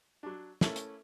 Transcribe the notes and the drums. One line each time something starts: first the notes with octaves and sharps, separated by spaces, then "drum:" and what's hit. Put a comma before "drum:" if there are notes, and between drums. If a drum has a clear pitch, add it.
F#3 D4
A3 A#3 C#4 E4, drum: snare
drum: hi-hat